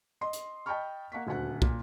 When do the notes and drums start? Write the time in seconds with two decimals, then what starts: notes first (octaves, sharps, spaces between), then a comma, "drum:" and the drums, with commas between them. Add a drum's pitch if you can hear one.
0.21 D#5 C6
0.33 drum: hi-hat
0.66 D#5 G5 A5 B5 C#6 F6
1.12 A#3 F#5 C#6 B6
1.27 D#1 D2 F#4 F#5 F#6
1.62 A#2, drum: kick